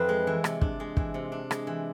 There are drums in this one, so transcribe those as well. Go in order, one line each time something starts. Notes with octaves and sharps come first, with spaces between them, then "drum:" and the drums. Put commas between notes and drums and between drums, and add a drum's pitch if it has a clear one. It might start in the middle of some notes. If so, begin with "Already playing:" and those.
Already playing: F2 E3 C4 B4
G#3
E3
C3, drum: rim click
D4, drum: kick
G#3
E3, drum: kick
C3
D4
G#3, drum: rim click
E3